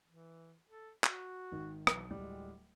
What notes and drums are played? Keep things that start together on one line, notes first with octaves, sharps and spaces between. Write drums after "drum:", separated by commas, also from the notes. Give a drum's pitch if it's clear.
E3
A4
F#4, drum: clap
G#1 D#3
B1 E3, drum: rim click
D1 G3 G#3